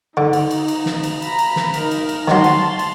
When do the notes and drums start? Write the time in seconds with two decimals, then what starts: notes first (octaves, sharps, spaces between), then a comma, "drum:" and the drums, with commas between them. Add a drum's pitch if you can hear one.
0.17 D3 D#4
0.33 drum: cymbal
0.51 drum: cymbal
0.68 drum: cymbal
0.86 drum: snare
1.03 drum: cymbal
1.22 A#5 B5, drum: cymbal
1.39 drum: cymbal
1.56 drum: snare
1.74 D#4 A#4, drum: cymbal
1.91 drum: cymbal
2.09 drum: cymbal
2.28 D#3 F#3 A5 C6, drum: snare
2.44 drum: cymbal
2.79 drum: cymbal